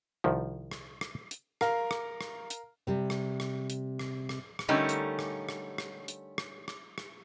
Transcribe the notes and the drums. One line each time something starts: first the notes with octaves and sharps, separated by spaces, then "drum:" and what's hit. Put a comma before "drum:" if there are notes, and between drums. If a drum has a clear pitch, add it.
C2 D#3 F3
drum: rim click
drum: rim click
drum: hi-hat
A#4 F5, drum: rim click
drum: rim click
drum: rim click
drum: hi-hat
C3 G3
drum: rim click
drum: rim click
drum: hi-hat
drum: rim click
drum: rim click
drum: rim click
D3 G3 A3 C#4 D#4 A#4
drum: hi-hat
drum: rim click
drum: rim click
drum: rim click
drum: hi-hat
drum: rim click
drum: rim click
drum: rim click